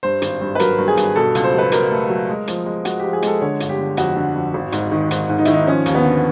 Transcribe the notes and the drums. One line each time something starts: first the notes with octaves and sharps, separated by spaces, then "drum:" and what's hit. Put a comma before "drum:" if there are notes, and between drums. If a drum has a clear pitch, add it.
G2 C5
G#1, drum: hi-hat
G2
B4
F#3 A#4, drum: hi-hat
G2
G#4
G2, drum: hi-hat
B2 A4
C#2, drum: hi-hat
C5
F#3 B4
B2 A#4, drum: hi-hat
A3
F#3
G#3
F3, drum: hi-hat
G#3
G#3 F#4, drum: hi-hat
F3 G4
G#4
G#3 A4, drum: hi-hat
D3 C#5
G1, drum: hi-hat
G4
D3
F2 F#4, drum: hi-hat
D3
F2
G#1
G#2, drum: hi-hat
D#3
G#2, drum: hi-hat
G#2
D#4
D#3 E4, drum: hi-hat
D#4
F3 C#4
D#2, drum: hi-hat
B3
D3